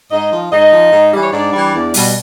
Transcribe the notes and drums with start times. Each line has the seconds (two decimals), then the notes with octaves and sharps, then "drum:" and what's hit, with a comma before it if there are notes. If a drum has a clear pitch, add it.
0.11 G#2 D#4 D#5
0.32 F3
0.52 G#2 D#4 D#5
0.73 F3
0.92 G#2
1.12 E3 G3
1.22 C#5
1.33 G#2 D4 D5
1.53 E3 G3
1.73 E2
1.94 B2 G3, drum: open hi-hat